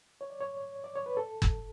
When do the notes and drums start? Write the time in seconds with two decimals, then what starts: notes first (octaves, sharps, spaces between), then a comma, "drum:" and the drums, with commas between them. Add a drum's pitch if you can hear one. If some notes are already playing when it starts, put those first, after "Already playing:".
0.21 C#5
0.30 D5
0.41 C#5
0.84 D5
0.96 C#5
1.06 B4
1.17 A4
1.42 drum: kick